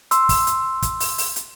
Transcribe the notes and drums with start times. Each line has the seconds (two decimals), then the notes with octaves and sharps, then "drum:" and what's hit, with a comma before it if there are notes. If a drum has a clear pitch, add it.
0.11 C6 E6, drum: hi-hat
0.29 drum: kick, open hi-hat
0.47 drum: hi-hat
0.82 drum: kick, hi-hat
1.00 drum: open hi-hat
1.18 drum: open hi-hat
1.36 drum: hi-hat